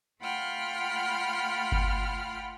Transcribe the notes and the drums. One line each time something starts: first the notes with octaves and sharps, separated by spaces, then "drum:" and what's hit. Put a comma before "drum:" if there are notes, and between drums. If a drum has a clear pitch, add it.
A3 F4 F#5 G5 B5 F6
drum: kick G1